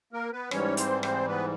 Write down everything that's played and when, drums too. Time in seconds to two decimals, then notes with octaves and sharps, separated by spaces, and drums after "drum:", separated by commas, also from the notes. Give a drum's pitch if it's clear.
0.13 A#3 A#4
0.32 B3 B4
0.51 G#2 E3 G3 C#4 C#5, drum: rim click
0.77 C4 C5, drum: hi-hat
1.03 C4 C5, drum: rim click
1.28 B3 B4